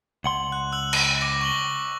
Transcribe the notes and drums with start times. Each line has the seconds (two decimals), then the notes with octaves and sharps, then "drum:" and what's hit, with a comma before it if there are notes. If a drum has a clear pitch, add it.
0.24 C#2 F#5 C6 F#7
0.52 F#6
0.72 E6 F#6 F#7
0.93 drum: cymbal
1.21 D6 A#6
1.41 C#6 F#7 G7